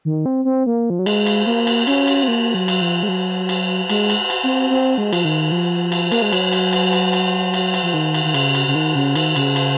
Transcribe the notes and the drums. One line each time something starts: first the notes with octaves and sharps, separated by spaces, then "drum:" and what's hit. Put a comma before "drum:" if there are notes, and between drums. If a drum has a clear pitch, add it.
D#3
C4
C4
A#3
F3
F#3
G#3, drum: cymbal
drum: cymbal
A#3
drum: cymbal
C#4, drum: cymbal
drum: cymbal
C4
A#3
F#3
drum: cymbal
F3
G#3
F#3
drum: cymbal
G#3, drum: cymbal
drum: cymbal
drum: cymbal
C4
C4
G#3
F3, drum: cymbal
D#3
F3
drum: cymbal
A#3, drum: cymbal
G#3
F#3, drum: cymbal
drum: cymbal
drum: cymbal
drum: cymbal
drum: cymbal
drum: cymbal
drum: cymbal
F3
D#3
drum: cymbal
D#3
C#3, drum: cymbal
drum: cymbal
C#3
D#3
C#3
D#3, drum: cymbal
C#3, drum: cymbal
drum: cymbal